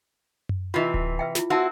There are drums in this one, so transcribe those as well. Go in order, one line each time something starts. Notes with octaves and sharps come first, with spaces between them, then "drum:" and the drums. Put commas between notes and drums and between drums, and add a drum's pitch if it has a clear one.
drum: tom F#2
C3 E3 F4 D#5 E5
drum: kick D1
B4 E5 G5
E4 F4, drum: snare
C4 E4 F#4 B4 A5